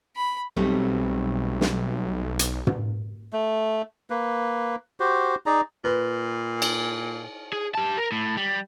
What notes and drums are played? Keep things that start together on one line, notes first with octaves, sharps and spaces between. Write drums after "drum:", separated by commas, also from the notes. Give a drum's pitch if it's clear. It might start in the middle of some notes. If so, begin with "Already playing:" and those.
B5
B1 G3 A3 C4
drum: snare
drum: hi-hat
drum: tom
A3
A#3 B4
F#4 G4 C5
D#4 G#4 D5 A#5
A#2 B4
drum: cymbal
G#4
G4 A5
A#4
A2
G3